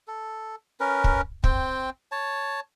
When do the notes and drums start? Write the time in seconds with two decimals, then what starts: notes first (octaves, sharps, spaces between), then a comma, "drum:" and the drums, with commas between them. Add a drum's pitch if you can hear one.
0.08 A4
0.80 C#4 A#4 B4
1.04 drum: kick
1.44 C4 G5, drum: kick
2.12 C#5 A5